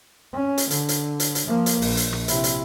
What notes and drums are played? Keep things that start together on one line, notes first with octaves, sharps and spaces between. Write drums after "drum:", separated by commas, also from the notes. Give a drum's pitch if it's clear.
C#4
drum: hi-hat
D3, drum: hi-hat
drum: hi-hat
drum: hi-hat
drum: hi-hat
F3 A#3
drum: hi-hat
A#1, drum: open hi-hat
drum: hi-hat
drum: rim click
C3 E4, drum: hi-hat
drum: hi-hat